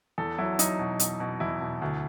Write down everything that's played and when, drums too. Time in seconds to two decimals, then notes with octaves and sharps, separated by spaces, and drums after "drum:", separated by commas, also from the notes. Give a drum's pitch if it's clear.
0.18 E2 A4
0.38 F#3 E4
0.59 F#3 D#4, drum: hi-hat
0.79 B2
1.00 B2, drum: hi-hat
1.20 B2
1.40 E2 E4
1.61 B2
1.82 D2